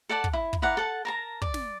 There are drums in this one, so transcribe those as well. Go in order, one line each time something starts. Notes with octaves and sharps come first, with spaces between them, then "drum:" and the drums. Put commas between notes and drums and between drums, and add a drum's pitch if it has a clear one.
A4 D5 F#5 A5
drum: kick
E4
drum: kick
E4 A#4 D5 F#5
A4 F#5 A5
A#4 A5 A#5
D5, drum: kick
drum: snare